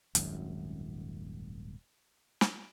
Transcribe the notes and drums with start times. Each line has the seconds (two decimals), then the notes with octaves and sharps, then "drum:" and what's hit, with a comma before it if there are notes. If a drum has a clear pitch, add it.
0.15 D#1 G#1 F#2, drum: hi-hat
2.41 drum: snare